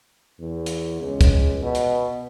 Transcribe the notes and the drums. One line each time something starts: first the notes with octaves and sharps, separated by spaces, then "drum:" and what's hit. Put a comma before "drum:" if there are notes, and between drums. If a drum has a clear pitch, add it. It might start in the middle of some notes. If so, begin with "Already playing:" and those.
E2
drum: hi-hat
C#2
drum: kick, hi-hat
B2
drum: hi-hat